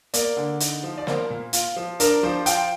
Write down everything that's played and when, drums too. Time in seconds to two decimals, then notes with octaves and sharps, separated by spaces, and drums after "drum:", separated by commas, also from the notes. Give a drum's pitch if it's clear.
0.14 A#3 D5, drum: hi-hat
0.37 D3
0.60 D#4, drum: hi-hat
0.83 F3
0.98 D5
1.07 A#3 C5, drum: snare
1.30 A#2
1.53 F4, drum: hi-hat
1.76 F3
2.00 D4 A#4, drum: hi-hat
2.23 F3 C5
2.46 F4 G5, drum: hi-hat